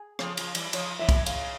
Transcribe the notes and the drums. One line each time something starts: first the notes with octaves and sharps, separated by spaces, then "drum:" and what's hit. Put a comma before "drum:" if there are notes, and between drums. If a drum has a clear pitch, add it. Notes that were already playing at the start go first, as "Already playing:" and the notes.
Already playing: G#4
C#3 F3, drum: rim click
C#3 F3, drum: cymbal
E3 G3, drum: cymbal
C#3 F3 C#5, drum: cymbal
C3 E3 E5
drum: kick, cymbal
C#3 F5, drum: cymbal